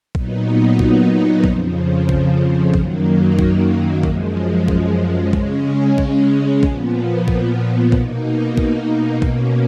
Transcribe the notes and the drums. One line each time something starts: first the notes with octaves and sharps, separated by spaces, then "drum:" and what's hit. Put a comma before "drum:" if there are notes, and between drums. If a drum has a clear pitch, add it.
A#2 F#3 B3 D#4, drum: kick A#1
drum: kick A#1
F2 C#3 F3, drum: kick A#1
drum: kick A#1
F#2 D#3 F#3 A#3, drum: kick A#1
drum: kick A#1
F#2 F3 G#3, drum: kick A#1
drum: kick A#1
C#3 G#3 C#4, drum: kick A#1
drum: kick A#1
A#2 F3 B3, drum: kick A#1
drum: kick A#1
B2 A#3 D#4, drum: kick A#1
drum: kick A#1
B2 A#3 C#4, drum: kick A#1